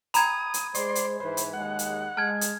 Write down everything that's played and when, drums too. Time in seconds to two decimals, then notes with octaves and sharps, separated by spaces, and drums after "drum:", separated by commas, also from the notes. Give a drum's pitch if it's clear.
0.14 G5 G#5 A#5 B5 D#6 G#6, drum: hi-hat
0.54 drum: hi-hat
0.75 G#3 C5 D5 C6, drum: hi-hat
0.95 drum: hi-hat
1.20 G#2 E3 B4 C5
1.37 drum: hi-hat
1.53 D#2 G#3 F#5
1.79 drum: hi-hat
2.17 G#3 A5 F6 G#6
2.41 drum: hi-hat